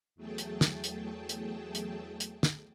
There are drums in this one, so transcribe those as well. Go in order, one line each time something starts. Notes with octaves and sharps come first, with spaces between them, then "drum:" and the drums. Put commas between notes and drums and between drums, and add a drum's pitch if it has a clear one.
E2 F#3 A3 G#4 G5 A5
drum: hi-hat
drum: snare
drum: hi-hat
drum: hi-hat
drum: hi-hat
drum: hi-hat
drum: snare